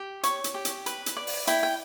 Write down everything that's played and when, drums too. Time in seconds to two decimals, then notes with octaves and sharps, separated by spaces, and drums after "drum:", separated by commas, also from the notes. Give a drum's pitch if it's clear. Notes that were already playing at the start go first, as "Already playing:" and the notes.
Already playing: G4
0.23 C#5, drum: hi-hat
0.44 drum: hi-hat
0.54 G4
0.65 drum: hi-hat
0.86 B4, drum: hi-hat
1.06 drum: hi-hat
1.17 D5
1.27 drum: open hi-hat
1.47 E4 G5, drum: hi-hat
1.63 G5